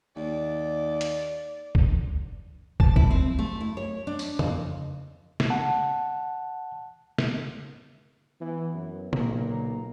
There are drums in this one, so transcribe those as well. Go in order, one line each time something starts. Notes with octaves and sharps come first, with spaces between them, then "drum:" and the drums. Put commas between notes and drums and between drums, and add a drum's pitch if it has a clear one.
D#2 D5
drum: hi-hat
drum: kick
A5, drum: kick
E4, drum: kick
C4
A3
E4
C#5
D4
drum: tambourine
F2, drum: tom C#3
drum: snare
F#5 A5
drum: snare
E3 B3
F#2 B3
B1 A#2 A#3 A#5, drum: tom C#3